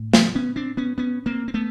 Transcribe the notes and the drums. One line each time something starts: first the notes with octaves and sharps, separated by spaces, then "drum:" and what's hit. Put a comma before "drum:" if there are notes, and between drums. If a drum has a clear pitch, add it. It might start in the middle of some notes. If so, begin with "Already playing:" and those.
Already playing: A2
F3 G3, drum: snare
B3 C#4
C4 D4
B3 C#4
B3 C#4
A#3 C4
C4
A3 B3